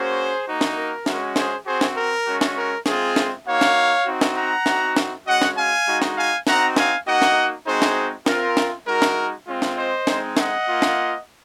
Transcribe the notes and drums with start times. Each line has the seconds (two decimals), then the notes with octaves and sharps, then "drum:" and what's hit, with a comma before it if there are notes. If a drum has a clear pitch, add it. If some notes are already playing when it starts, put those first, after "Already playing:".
Already playing: A#3 C#4 F#4 G#4 C5
0.47 A#3 D#4 F#4
0.61 drum: snare
0.76 A#4
1.06 G#3 C#4 F#4, drum: snare
1.36 G#4 C5, drum: snare
1.66 C4 F#4 G#4 C5
1.81 drum: snare
1.96 A#4
2.26 G#3 C#4 F#4
2.41 drum: snare
2.56 A#4
2.86 G#3 C4 F4 G#4, drum: snare
3.16 drum: snare
3.47 A#3 D#4 F#4 C#5 F5
3.61 drum: snare
4.06 C4 D#4 F#4
4.21 drum: snare
4.36 F#5 A#5
4.66 C4 D#4 F#4, drum: snare
4.96 drum: snare
5.26 G#3 C#4 F#4 D#5 F#5
5.42 drum: snare
5.56 F5 G#5
5.86 G#3 D#4 F#4
6.02 drum: snare
6.16 F5 G#5
6.47 C4 D#4 F#4 F#5 A#5, drum: snare
6.76 F5 G#5, drum: snare
7.07 A#3 D#4 F#4 D#5 F#5
7.22 drum: snare
7.66 G#3 C4 D#4 F#4 G#4 C5
7.82 drum: snare
8.26 C4 F4 A#4, drum: snare
8.57 drum: snare
8.86 G#3 D#4 F#4 A#4
9.02 drum: snare
9.46 G#3 C4 F4
9.62 drum: snare
9.77 C5 D#5
10.07 G#3 C4 D#4, drum: snare
10.37 D#5 F#5, drum: snare
10.68 A#3 F4
10.82 drum: snare